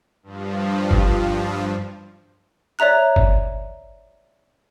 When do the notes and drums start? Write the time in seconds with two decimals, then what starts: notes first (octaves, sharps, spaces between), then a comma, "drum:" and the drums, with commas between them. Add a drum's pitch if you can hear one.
0.23 G2 F3
0.91 drum: kick G1
2.79 C#5 D5 E5 A#5 F#6
3.16 drum: kick G1